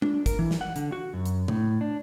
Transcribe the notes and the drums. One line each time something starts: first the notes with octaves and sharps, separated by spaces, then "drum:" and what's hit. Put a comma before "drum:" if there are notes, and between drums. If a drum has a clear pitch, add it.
D4, drum: tom G#3
A#4, drum: kick, hi-hat
E3
drum: snare
F#5
D3, drum: hi-hat
F#4
F#2
drum: hi-hat
A2, drum: tom C3
D4